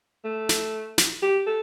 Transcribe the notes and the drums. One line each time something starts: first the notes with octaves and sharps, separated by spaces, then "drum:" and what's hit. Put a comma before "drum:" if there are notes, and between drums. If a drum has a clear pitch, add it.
A3
drum: snare
drum: snare
G4
A4